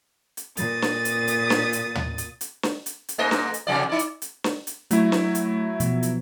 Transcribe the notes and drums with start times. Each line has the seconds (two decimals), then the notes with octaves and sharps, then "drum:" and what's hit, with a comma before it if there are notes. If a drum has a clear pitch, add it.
0.37 drum: hi-hat
0.57 A#2 D#6 A6, drum: hi-hat
0.82 drum: snare
1.05 drum: hi-hat
1.28 drum: hi-hat
1.50 drum: snare
1.73 drum: hi-hat
1.95 drum: tom
2.18 drum: hi-hat
2.41 drum: hi-hat
2.63 drum: snare
2.86 drum: hi-hat
3.09 drum: hi-hat
3.18 G#2 A3 D#5
3.31 drum: snare
3.54 drum: hi-hat
3.67 C3 F#3 D5
3.89 D#4 D5
3.99 drum: hi-hat
4.22 drum: hi-hat
4.44 drum: snare
4.67 drum: hi-hat
4.91 F#3 A3 E4, drum: hi-hat
5.12 drum: snare
5.35 drum: hi-hat
5.80 B2 F3, drum: hi-hat
6.03 drum: hi-hat